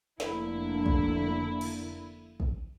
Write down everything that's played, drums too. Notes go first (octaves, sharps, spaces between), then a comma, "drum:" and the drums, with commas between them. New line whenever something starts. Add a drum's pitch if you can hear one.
F1 D3 A#3 E4, drum: snare
drum: kick
drum: cymbal
drum: kick